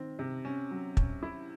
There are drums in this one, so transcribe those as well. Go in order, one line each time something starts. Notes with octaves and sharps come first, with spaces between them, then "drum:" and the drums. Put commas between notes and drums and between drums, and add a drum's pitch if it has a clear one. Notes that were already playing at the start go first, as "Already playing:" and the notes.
Already playing: D#3 C4
C3
C#4
F#3
C#4, drum: kick
E4